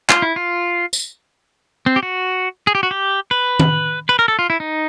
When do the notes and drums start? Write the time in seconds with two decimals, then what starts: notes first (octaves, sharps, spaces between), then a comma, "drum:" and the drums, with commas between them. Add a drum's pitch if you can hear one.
0.09 F4, drum: clap
0.22 E4
0.36 F4
0.93 drum: tambourine
1.86 C4
1.96 G4
2.03 F#4
2.67 G#4
2.75 G4
2.83 F#4
2.91 G4
3.31 B4
3.60 drum: tom
4.09 B4
4.19 A#4
4.28 A4
4.39 F4
4.50 E4
4.60 D#4